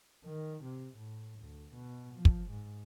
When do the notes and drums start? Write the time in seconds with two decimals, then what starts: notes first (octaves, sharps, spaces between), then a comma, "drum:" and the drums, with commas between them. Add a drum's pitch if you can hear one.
0.25 D#3
0.64 C3
0.97 A2
1.40 D2
1.74 B2
2.15 F3
2.25 drum: kick
2.50 G#2